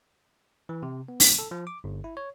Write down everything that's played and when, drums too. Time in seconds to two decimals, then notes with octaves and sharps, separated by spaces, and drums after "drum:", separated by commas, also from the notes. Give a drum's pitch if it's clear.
0.69 E3
0.83 C3
1.08 B3
1.20 drum: open hi-hat
1.39 A4
1.51 F3
1.67 D6
1.84 G1
2.04 E4
2.17 C#5